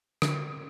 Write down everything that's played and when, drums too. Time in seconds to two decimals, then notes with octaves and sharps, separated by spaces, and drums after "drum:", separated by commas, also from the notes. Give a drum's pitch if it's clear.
0.22 D3, drum: rim click